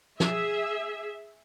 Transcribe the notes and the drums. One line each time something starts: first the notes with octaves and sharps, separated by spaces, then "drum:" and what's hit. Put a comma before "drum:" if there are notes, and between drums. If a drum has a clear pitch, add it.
G#4 E5, drum: snare